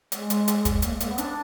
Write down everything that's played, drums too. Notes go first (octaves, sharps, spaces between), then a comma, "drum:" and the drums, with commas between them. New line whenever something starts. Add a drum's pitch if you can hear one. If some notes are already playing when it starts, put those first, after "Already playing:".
G#3, drum: hi-hat
drum: hi-hat
drum: hi-hat
drum: kick, hi-hat
A#3, drum: hi-hat
G#3
A#3, drum: hi-hat
B3
D4, drum: hi-hat